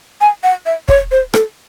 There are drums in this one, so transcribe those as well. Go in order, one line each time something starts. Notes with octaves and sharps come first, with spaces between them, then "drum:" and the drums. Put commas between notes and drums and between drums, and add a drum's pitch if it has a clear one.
G#5
F#5
E5
C#5, drum: kick
C5
A4, drum: rim click